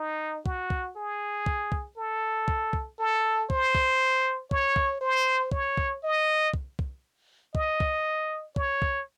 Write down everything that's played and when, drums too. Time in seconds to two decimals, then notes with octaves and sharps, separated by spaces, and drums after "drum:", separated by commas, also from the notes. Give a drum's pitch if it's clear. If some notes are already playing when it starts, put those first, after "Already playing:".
Already playing: D#4
0.46 F#4, drum: kick
0.70 drum: kick
0.96 G#4
1.46 drum: kick
1.72 drum: kick
1.97 A4
2.48 drum: kick
2.73 drum: kick
2.99 A4
3.50 C5, drum: kick
3.75 drum: kick
4.51 C#5, drum: kick
4.76 drum: kick
5.01 C5
5.52 C#5, drum: kick
5.77 drum: kick
6.03 D#5
6.54 drum: kick
6.79 drum: kick
7.55 D#5, drum: kick
7.80 drum: kick
8.56 C#5, drum: kick
8.82 drum: kick